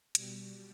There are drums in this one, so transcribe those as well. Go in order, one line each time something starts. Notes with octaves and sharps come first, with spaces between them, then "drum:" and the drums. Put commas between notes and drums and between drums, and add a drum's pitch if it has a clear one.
B2 G3, drum: hi-hat